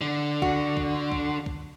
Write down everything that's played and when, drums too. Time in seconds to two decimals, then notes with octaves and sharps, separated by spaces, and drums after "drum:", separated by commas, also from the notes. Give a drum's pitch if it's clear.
0.01 D3
0.42 F#4, drum: kick
0.77 drum: kick
1.12 drum: kick
1.46 drum: kick